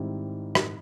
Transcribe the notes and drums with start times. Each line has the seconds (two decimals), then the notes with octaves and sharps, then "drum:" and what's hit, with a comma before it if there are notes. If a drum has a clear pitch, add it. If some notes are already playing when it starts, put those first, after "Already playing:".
Already playing: G#2 D#3 G3 C4 E4
0.55 drum: rim click